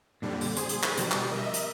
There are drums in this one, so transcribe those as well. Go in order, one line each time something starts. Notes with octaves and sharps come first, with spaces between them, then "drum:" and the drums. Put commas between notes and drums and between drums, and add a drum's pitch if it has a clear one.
F2 A#2 D3 G3
drum: open hi-hat
G3 G#4 C5 C6, drum: hi-hat
drum: hi-hat
drum: clap
B2 D3 F3 G3, drum: hi-hat
drum: clap
A#4 D#5 E5
drum: hi-hat